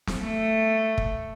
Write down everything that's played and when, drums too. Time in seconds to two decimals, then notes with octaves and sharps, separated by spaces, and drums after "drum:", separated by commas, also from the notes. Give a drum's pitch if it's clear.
0.07 drum: snare
0.22 A3
0.98 drum: kick